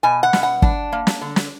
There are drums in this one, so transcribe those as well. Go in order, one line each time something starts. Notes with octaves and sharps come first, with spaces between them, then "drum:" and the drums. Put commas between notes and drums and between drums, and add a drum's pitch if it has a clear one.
B2 G#5
F#5
B2, drum: snare
F#5
D4, drum: kick
A#3
drum: snare
D3
drum: snare